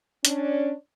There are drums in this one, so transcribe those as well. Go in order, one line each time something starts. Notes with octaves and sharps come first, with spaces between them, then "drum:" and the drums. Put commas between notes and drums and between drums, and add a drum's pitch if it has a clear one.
C#4 D4, drum: hi-hat